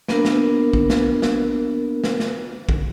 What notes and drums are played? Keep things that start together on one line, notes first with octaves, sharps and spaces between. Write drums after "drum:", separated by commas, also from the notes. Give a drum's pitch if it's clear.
A#3 B3 D4 A#4, drum: snare
drum: snare
drum: kick A#1
drum: snare
drum: snare
drum: snare
drum: snare
drum: kick A#1